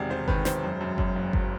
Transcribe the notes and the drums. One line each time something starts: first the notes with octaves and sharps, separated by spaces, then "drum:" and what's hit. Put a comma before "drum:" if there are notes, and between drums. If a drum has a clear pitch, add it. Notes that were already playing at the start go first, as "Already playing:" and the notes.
Already playing: E1 C3 D#3 D5
E1 C5
D#3 B4, drum: kick G1
E1 C5, drum: snare
F#2
F#2
F#2, drum: kick G1
F#1
F#1, drum: kick G1